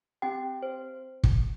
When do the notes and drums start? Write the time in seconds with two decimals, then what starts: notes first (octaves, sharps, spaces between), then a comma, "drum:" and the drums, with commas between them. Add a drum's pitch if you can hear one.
0.22 C4 G4 G5
0.62 C5
1.24 drum: kick